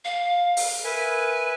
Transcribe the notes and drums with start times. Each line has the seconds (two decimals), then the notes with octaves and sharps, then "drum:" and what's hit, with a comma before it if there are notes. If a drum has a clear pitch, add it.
0.05 F5
0.57 drum: open hi-hat
0.84 A#4 B4 E5 G#5